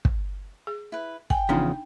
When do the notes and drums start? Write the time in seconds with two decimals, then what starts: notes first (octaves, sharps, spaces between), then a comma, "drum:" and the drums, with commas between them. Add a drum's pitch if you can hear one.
0.05 drum: kick
0.67 G#4
0.92 E4 B4
1.30 G5 G#5, drum: kick
1.49 E2 C#3 F3 D4 D#4 A#5